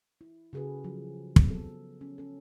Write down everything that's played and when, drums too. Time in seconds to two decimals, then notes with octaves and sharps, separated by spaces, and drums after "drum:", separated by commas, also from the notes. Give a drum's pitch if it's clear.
0.21 E4
0.53 C#3 F#4 G#4 A4 B4
0.84 F3 F#3
1.36 drum: kick
1.50 F#3 B3 A4
2.01 C#4
2.18 C#4 A4